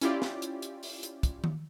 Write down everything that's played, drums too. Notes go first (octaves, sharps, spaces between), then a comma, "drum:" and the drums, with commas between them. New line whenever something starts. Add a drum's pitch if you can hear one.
C#4 E4 F4 G4 D5, drum: hi-hat
drum: snare
drum: hi-hat
drum: hi-hat
drum: open hi-hat
drum: hi-hat
drum: kick, hi-hat
drum: tom D#3